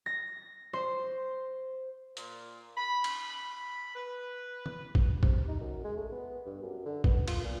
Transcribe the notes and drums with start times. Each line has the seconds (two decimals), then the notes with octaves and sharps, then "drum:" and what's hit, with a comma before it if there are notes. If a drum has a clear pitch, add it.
0.06 A#6
0.73 C5
2.17 A#2, drum: hi-hat
2.77 B5
3.04 drum: cymbal
3.28 B5
3.96 B4
4.66 drum: tom
4.95 drum: kick
5.23 C3, drum: kick
5.48 D#4
5.60 F#2
5.84 G#3
5.96 A3
6.12 B3
6.46 G2
6.62 F#2
6.86 D3
7.04 B3, drum: kick
7.28 F4, drum: cymbal
7.45 A#2